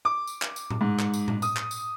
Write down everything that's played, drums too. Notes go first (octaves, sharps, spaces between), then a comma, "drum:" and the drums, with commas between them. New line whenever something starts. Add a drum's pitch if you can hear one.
D6
drum: tambourine
drum: clap
drum: tambourine
drum: tom A2
G#2
drum: clap
drum: tambourine
drum: tom A2
D#6, drum: tambourine
drum: clap
drum: tambourine